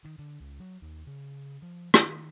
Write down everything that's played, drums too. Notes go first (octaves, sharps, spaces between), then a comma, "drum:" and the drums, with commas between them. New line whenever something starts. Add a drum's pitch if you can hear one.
D#3
D3
C#2
F#3
D#2
C#3
F3
D#3, drum: rim click